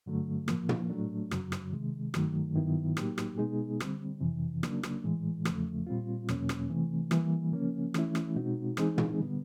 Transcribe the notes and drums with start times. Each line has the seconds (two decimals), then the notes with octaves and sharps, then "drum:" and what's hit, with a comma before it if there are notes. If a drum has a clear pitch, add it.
0.06 G2 D3 F#3 A3
0.48 A2 F3 A#3, drum: rim click
0.69 drum: tom
0.90 A2 F#3 A3 D4
1.31 F#2 C#3 F#3, drum: rim click
1.52 drum: rim click
1.73 C3 D#3 G#3
2.14 G2 D#3 F#3 A3, drum: rim click
2.55 G2 D#3 F#3 B3 E4
2.97 A2 F#3 A#3 D#4 G4, drum: rim click
3.18 drum: rim click
3.38 B2 G#3 B3 D#4 G#4
3.80 D3 G3 C4, drum: rim click
4.21 F2 C3 E3
4.63 C#3 F#3 A#3 D4, drum: rim click
4.83 drum: rim click
5.04 A2 E3 G#3
5.45 E2 C#3 F3 A3, drum: rim click
5.87 A#2 G3 C4 F4
6.29 E2 B2 F#3 A#3 C#4, drum: rim click
6.49 drum: rim click
6.70 C3 E3 A3 C4
7.11 E3 G3 A#3, drum: rim click
7.52 C#3 F3 A#3 C#4
7.94 E3 A3 C#4 E4, drum: rim click
8.15 drum: rim click
8.36 B2 G#3 C4 D#4 F#4
8.77 E3 G#3 C4 D#4 G#4, drum: rim click
8.98 drum: tom
9.19 D3 G3 B3